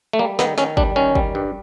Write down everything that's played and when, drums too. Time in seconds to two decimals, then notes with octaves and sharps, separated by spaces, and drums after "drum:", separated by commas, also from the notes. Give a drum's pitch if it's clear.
0.13 A3
0.19 G3 A#3
0.39 D#3 B3, drum: snare
0.58 D#3 C#4, drum: snare
0.77 G3 D4, drum: kick
0.96 D#3 C#4
1.15 G3, drum: kick
1.35 G2